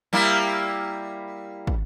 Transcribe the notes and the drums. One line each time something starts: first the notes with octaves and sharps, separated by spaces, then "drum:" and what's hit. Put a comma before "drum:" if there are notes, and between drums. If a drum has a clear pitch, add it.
G3 A#3 E4
drum: kick